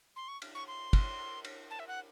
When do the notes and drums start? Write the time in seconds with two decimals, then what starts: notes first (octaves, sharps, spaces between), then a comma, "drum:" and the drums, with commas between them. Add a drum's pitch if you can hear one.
0.16 C6
0.28 C#6
0.42 drum: cymbal
0.55 C#6
0.68 C6
0.93 drum: kick, cymbal
1.45 drum: cymbal
1.70 A5
1.79 E5
1.88 F#5